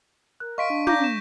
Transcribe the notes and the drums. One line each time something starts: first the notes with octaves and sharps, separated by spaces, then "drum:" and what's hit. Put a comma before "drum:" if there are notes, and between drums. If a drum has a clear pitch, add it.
A#4 F#6
D#5 F5 C6 C#6 B6 D7
D4
F5 A#5 D6 G6 A#6, drum: tom
E7